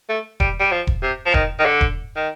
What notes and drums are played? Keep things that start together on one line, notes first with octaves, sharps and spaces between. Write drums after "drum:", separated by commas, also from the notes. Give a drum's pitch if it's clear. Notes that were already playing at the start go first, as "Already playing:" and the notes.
A3
G3, drum: kick E1
G3
F3
drum: kick E1
C3
F3
D#3, drum: kick E1
D#3
D3
drum: kick E1
D#3